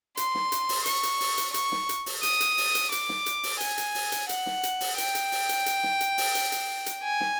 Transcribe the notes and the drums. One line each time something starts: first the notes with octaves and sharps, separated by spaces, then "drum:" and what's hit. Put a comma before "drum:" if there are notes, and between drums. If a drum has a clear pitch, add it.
C6, drum: hi-hat
drum: snare
drum: hi-hat
drum: open hi-hat
C#6, drum: hi-hat
drum: hi-hat
drum: open hi-hat
drum: hi-hat
C#6, drum: hi-hat
drum: snare
drum: hi-hat
drum: open hi-hat
D#6, drum: hi-hat
drum: hi-hat
drum: open hi-hat
drum: hi-hat
D6, drum: hi-hat
drum: snare
drum: hi-hat
drum: open hi-hat
G#5, drum: hi-hat
drum: hi-hat
drum: open hi-hat
drum: hi-hat
F#5, drum: hi-hat
drum: snare
drum: hi-hat
drum: open hi-hat
G5, drum: hi-hat
drum: hi-hat
drum: open hi-hat
drum: hi-hat
drum: hi-hat
drum: snare
drum: hi-hat
drum: open hi-hat
drum: hi-hat
drum: hi-hat
drum: hi-hat
G#5
drum: snare